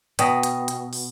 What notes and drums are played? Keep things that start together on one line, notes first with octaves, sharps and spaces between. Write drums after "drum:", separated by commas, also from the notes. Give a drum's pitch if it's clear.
B2 G5 D#6 A#6, drum: hi-hat
drum: hi-hat
drum: hi-hat
drum: open hi-hat